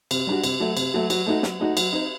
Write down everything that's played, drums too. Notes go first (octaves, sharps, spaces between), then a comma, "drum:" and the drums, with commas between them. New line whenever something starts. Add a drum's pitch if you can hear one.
C3, drum: cymbal
G3 D4 F#4
C3, drum: cymbal
F#3 A3
C3, drum: cymbal
F#3 A3
F#3, drum: cymbal
A3 D#4 F#4
F#3, drum: snare
A3 D#4 F#4
F#3, drum: cymbal
C4 D#4